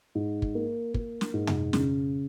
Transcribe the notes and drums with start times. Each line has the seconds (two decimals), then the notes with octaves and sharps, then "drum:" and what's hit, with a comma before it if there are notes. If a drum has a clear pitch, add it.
0.15 G#2
0.42 drum: kick
0.55 A#3
0.94 A#3, drum: kick
1.21 drum: snare
1.34 G#2
1.47 drum: tom
1.73 C#3, drum: snare